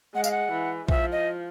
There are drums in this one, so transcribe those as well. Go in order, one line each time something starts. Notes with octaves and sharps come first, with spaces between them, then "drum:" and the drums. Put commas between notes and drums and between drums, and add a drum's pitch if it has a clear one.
G#3 F#5
F5, drum: tambourine
F#5
E3
F3 E5, drum: kick A#1
D#5